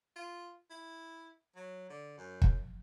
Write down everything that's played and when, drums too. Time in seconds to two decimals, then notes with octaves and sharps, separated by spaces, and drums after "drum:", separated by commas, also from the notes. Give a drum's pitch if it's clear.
0.16 F4
0.70 E4
1.56 F#3
1.90 D3
2.18 F#2
2.42 drum: kick